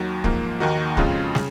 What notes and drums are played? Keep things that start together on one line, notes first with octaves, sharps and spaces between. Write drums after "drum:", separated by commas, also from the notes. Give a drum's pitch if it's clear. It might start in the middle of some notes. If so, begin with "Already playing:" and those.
Already playing: D#2 D#3 F#3
G#2 F3 A#3, drum: kick
D#2 D#3 A#3 D#4 F#4
F2 C#3 G#3 C#4 F4, drum: kick
C#3, drum: snare